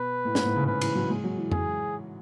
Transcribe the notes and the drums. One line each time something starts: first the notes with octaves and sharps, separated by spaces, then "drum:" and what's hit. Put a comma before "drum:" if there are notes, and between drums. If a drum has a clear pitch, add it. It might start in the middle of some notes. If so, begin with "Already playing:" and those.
Already playing: B2 B4
A2
G#2, drum: snare
A2
C#3
C#3 B4
E3, drum: cymbal
F#3
G#3
F#3
E3
G#4, drum: tom F2